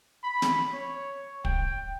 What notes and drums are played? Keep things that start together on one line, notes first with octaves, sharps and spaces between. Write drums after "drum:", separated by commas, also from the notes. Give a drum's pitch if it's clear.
B5
drum: snare
C#5
G5, drum: kick